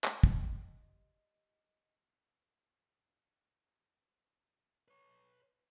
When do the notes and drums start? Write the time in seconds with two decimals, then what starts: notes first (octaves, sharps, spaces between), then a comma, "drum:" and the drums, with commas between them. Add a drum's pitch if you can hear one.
0.04 drum: clap
0.23 G3 G4 C5 D#5, drum: kick
4.88 B4 C#5